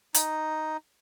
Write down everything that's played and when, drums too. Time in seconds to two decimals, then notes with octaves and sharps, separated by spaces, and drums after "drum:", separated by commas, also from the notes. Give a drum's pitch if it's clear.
0.14 D#4, drum: hi-hat